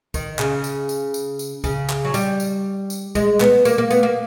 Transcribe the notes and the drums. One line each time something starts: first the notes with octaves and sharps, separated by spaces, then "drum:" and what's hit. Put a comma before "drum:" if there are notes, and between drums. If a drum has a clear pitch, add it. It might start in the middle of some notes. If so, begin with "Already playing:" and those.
D#3, drum: kick, tambourine
C#3, drum: clap
drum: tambourine
drum: tambourine
drum: tambourine
drum: tambourine
C#3, drum: kick, tambourine
drum: clap
F#3
G3, drum: tambourine
drum: tambourine
drum: tambourine
G#3, drum: kick, tambourine
B3, drum: clap
A#3, drum: tambourine
A#3
B3, drum: tambourine
A#3